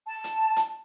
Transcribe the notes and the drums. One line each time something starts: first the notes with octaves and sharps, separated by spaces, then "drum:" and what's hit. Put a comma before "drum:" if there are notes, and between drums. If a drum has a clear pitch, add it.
A5
drum: hi-hat
drum: hi-hat